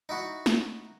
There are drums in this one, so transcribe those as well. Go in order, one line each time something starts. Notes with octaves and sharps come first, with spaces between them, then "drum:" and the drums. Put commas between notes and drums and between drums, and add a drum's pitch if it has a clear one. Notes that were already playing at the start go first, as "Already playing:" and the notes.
D#4 E4 F#4
drum: snare